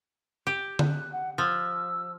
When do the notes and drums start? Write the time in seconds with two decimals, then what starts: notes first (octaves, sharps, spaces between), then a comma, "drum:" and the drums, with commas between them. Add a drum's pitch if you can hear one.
0.47 G4
0.79 F#6, drum: tom D3
1.12 F#5
1.38 F3 E6